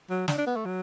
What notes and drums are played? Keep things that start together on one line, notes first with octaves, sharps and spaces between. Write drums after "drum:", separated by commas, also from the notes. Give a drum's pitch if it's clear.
F#3
D4, drum: snare
D4
B3
A3
F#3